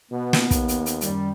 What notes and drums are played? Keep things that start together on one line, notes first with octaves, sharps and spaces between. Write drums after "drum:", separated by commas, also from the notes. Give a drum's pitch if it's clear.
B2 B3
drum: snare
D#2, drum: kick, hi-hat
drum: hi-hat
drum: hi-hat
F#2 D#3 G3, drum: hi-hat